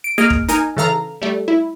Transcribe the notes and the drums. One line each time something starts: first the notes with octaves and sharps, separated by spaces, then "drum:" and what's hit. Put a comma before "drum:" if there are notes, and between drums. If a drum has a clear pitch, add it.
D7
A#3 G#4 D#5 F6 D7
drum: kick
D#4 A#4 G#5, drum: hi-hat
C#3 E3 A4 F5 A#5
G3 A3
E4